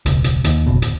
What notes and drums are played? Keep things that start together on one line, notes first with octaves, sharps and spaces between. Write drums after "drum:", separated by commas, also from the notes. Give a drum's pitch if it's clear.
E1 C#2, drum: hi-hat
drum: hi-hat
D#2, drum: hi-hat
F#1 B2
D1, drum: hi-hat